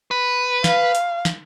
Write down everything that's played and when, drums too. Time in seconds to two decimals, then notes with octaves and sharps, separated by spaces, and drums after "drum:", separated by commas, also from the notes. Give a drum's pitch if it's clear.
0.11 B4
0.64 F5, drum: snare
0.95 drum: hi-hat
1.25 drum: snare